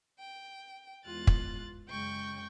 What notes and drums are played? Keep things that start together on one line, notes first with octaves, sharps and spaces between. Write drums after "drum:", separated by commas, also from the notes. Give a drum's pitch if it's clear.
G5
E2 G#3 F4 F#6 A6
drum: kick
F#2 C#3 G#3 G5 C#6 G6